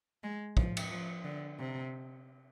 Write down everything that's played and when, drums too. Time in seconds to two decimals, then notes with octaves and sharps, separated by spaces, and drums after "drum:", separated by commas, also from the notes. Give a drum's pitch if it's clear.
0.24 G#3
0.57 F3, drum: kick
0.77 drum: cymbal
0.91 F3
1.24 D3
1.59 C3